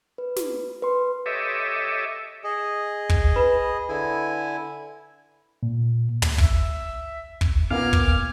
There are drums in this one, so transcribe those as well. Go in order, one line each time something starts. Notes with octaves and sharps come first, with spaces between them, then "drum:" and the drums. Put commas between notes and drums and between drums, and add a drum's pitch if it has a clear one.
B4
drum: snare
B4 C6
G4 A4 C#5 D#5 E5 D6
G#4 D#5
drum: kick
B4 B5
D3 E4 G#5
A#2
drum: tom
E5, drum: kick
drum: kick
A#2 A#3 B3 F5 D6 F6 G#6
drum: kick